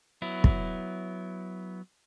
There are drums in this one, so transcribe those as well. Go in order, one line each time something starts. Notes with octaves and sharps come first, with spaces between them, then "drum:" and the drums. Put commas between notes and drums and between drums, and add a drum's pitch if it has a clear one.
F#3 B3 E4
drum: kick